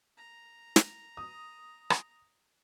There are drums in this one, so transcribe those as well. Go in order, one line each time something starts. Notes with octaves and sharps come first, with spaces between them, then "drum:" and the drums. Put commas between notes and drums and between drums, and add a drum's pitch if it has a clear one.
A#5
drum: snare
D#6
drum: rim click